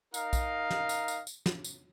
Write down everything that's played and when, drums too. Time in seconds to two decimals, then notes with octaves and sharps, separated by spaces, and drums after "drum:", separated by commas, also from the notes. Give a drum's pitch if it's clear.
0.14 D#4 A#4 F5, drum: tambourine
0.33 drum: kick A#1, tambourine
0.70 drum: snare
0.89 drum: tambourine
1.08 drum: tambourine
1.27 drum: tambourine
1.46 drum: snare
1.64 drum: tambourine